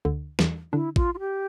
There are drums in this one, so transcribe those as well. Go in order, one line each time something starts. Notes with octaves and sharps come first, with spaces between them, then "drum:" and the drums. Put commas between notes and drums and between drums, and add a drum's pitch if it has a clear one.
D2 D3
E2 E3, drum: snare
D3 D4 E4
F4, drum: kick A1
F4
G4